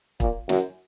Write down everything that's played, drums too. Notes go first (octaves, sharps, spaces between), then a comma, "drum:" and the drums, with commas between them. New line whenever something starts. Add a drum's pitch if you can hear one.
A#2, drum: kick
F#2, drum: snare